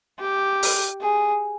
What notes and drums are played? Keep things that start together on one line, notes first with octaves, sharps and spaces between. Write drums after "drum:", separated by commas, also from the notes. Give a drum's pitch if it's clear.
G4
drum: open hi-hat
G#4